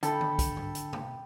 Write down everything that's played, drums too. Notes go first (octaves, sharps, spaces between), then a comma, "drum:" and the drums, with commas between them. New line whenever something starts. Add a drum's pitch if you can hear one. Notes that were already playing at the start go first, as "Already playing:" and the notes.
D3 A4 G5 B5, drum: hi-hat
drum: tom D#3
drum: kick, hi-hat
drum: tom G2
drum: hi-hat
drum: tom